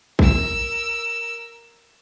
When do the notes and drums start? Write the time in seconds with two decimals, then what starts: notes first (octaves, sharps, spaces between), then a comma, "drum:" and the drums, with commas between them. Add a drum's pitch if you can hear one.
0.19 A#4 E6, drum: kick